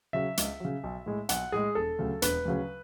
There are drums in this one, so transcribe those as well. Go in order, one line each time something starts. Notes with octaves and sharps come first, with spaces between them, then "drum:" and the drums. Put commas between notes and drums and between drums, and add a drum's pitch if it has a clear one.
C#3 F#3 E5
C#2, drum: hi-hat
C#3 F#3
B1
A2 G#3
B1 F#5, drum: hi-hat
A2 G#3 G#4
E1 A4
D2 C#3 F#3
E1 B4, drum: hi-hat
D2 C#3 F#3